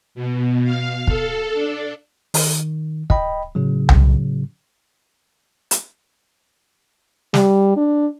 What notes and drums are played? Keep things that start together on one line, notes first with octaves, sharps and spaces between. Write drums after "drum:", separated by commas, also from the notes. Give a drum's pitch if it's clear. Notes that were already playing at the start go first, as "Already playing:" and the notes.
B2
F5
A4, drum: kick
D4
D#3, drum: open hi-hat
D#5 G5 B5, drum: kick
A2 C#3 F#3
drum: tom C2
drum: hi-hat
G3, drum: snare
D4